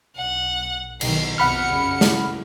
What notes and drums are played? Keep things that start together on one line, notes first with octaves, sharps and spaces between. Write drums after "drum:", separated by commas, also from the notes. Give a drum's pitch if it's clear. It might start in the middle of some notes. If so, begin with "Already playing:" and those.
B1 F#5
B1 B2 D#3 C7, drum: cymbal
B1 F2 B2 F#5 B5 F6 C#7
F#2 C#3
drum: snare